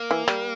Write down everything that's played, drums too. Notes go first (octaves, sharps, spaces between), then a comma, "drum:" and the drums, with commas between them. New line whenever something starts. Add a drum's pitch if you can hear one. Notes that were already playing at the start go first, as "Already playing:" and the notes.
Already playing: A#3
E3
G3, drum: rim click